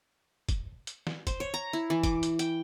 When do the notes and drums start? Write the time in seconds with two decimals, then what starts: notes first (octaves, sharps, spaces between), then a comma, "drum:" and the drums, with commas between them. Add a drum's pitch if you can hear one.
0.49 drum: kick, hi-hat
0.87 drum: hi-hat
1.07 drum: snare
1.27 C5, drum: kick, hi-hat
1.40 C#5
1.54 A#5
1.73 E4
1.90 E3
2.03 D6, drum: kick, hi-hat
2.23 drum: hi-hat
2.39 G5, drum: hi-hat